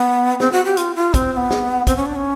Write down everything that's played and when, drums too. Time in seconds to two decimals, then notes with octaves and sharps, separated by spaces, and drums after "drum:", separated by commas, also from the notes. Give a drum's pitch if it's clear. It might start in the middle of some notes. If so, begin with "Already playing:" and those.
Already playing: B3
0.40 C4, drum: snare
0.52 F#4
0.65 G4
0.77 F4, drum: hi-hat
0.96 F4
1.14 C4, drum: kick, hi-hat
1.33 C4
1.37 B3
1.51 drum: snare
1.87 C4, drum: kick, hi-hat
1.97 C#4
2.06 D4
2.15 C#4